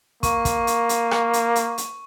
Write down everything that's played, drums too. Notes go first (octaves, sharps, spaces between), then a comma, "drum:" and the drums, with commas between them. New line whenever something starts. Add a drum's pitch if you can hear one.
A#3 C#6, drum: kick, hi-hat
drum: kick, hi-hat
drum: hi-hat
drum: hi-hat
drum: rim click
drum: hi-hat
drum: hi-hat
drum: hi-hat